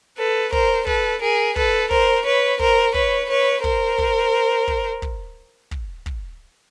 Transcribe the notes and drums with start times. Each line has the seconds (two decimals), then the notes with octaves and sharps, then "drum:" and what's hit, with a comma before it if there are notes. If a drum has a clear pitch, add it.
0.18 A4 B4
0.52 A#4 C5, drum: kick
0.87 A4 B4, drum: kick
1.21 G#4 A#4
1.56 A4 B4, drum: kick
1.91 A#4 C5, drum: kick
2.25 B4 C#5
2.59 A#4 C5, drum: kick
2.94 B4 C#5, drum: kick
3.29 B4 C#5
3.64 A#4 C5, drum: kick
3.98 drum: kick
4.68 drum: kick
5.02 drum: kick
5.71 drum: kick
6.06 drum: kick